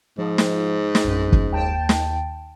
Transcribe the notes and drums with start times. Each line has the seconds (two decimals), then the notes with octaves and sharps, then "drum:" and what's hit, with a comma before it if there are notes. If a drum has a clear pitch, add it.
0.18 G#2 F3
0.38 drum: snare
0.95 drum: snare
1.04 A#1 F#2
1.32 drum: kick
1.51 D#2 G5 A5
1.89 drum: snare